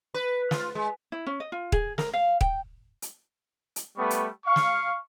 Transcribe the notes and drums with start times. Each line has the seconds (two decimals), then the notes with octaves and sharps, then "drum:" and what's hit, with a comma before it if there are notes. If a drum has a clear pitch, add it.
0.14 B4
0.51 F4, drum: snare
0.75 G#3
1.12 E4
1.26 C#4
1.40 D#5
1.52 F4
1.72 G#4, drum: kick D#1
1.98 A#4, drum: snare
2.13 F5
2.41 G5, drum: kick D#1
3.02 drum: hi-hat
3.76 drum: hi-hat
3.97 G3 A3 B3 C#6
4.10 drum: hi-hat
4.46 F5 C#6
4.56 drum: snare